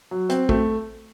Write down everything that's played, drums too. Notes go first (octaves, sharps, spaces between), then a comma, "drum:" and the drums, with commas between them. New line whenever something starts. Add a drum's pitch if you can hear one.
F#3
C4, drum: hi-hat
A3, drum: kick